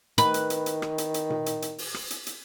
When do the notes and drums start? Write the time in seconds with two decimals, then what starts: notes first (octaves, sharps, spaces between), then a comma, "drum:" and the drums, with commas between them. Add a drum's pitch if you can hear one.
0.18 D#3 B4, drum: hi-hat
0.34 drum: hi-hat
0.50 drum: hi-hat
0.66 drum: hi-hat
0.82 drum: rim click
0.98 drum: hi-hat
1.14 drum: hi-hat
1.30 drum: tom A#2
1.46 drum: hi-hat
1.62 drum: hi-hat
1.78 drum: open hi-hat
1.94 drum: rim click
2.10 drum: hi-hat
2.26 drum: hi-hat